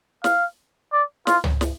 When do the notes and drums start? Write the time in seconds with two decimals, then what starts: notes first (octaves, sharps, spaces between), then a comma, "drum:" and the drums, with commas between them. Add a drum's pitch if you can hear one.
0.24 F5, drum: snare
0.93 D5
1.27 F4, drum: snare
1.44 drum: tom C#2
1.61 drum: snare